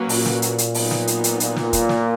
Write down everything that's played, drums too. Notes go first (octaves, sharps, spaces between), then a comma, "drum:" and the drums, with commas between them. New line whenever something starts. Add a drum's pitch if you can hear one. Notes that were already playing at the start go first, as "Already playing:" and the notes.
Already playing: F#3 A#3 C#4 F#4 B4
A#2, drum: open hi-hat
drum: snare
drum: hi-hat
drum: hi-hat
F#3 B3 D#4, drum: open hi-hat
drum: snare
drum: hi-hat
drum: hi-hat
A#2, drum: hi-hat
drum: snare
drum: kick, hi-hat
drum: snare